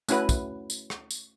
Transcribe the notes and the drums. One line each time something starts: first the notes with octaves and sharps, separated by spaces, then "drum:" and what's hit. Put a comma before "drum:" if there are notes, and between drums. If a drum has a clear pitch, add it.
A3 C#4 E4 F#4 B4, drum: tambourine
drum: kick, tambourine
drum: tambourine
drum: rim click
drum: tambourine